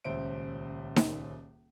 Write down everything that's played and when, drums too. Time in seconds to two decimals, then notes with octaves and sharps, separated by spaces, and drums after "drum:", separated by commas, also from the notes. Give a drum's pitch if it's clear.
0.04 D#1 C#2 C5 E5 D7
0.96 drum: snare D#4